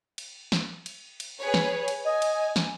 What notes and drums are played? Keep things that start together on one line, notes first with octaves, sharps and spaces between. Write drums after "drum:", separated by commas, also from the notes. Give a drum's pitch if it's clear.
drum: cymbal
drum: snare
drum: cymbal
drum: cymbal
G#4 B4 C#5
drum: snare
drum: cymbal
D#5 G#5
drum: cymbal
drum: snare